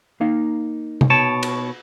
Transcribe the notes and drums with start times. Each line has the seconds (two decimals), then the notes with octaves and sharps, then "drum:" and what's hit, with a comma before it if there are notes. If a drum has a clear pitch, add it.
0.21 A#3 D#4 F5
1.01 drum: tom C3
1.10 B2 C#5 A5
1.43 drum: cymbal